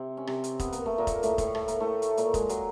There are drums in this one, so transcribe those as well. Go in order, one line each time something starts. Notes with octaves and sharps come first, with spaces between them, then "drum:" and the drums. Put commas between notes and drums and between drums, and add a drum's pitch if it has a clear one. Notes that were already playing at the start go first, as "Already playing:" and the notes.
Already playing: C3 C4
C#4
C3 C4, drum: rim click
drum: hi-hat
B3, drum: kick F1, hi-hat
A#3, drum: hi-hat
A3
A#2 A#3
drum: kick F1, hi-hat
A2 A3, drum: hi-hat
A2 A3, drum: kick F1, hi-hat
A3, drum: rim click
A#3, drum: hi-hat
A2 A3
drum: hi-hat
A#2 A#3, drum: hi-hat
G#3, drum: kick F1, hi-hat
F#3, drum: hi-hat